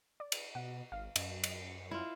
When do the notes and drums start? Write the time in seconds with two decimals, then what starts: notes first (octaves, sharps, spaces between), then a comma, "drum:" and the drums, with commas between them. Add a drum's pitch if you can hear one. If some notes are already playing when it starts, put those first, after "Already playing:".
0.20 D5
0.32 drum: cymbal
0.55 B2 F#5
0.92 G#1 F5
1.16 F#2, drum: cymbal
1.44 drum: cymbal
1.65 C#7
1.91 E4 F4